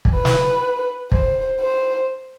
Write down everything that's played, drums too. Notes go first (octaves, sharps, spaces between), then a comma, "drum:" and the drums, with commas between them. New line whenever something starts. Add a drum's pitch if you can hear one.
drum: kick
B4
drum: snare
C5, drum: kick
C5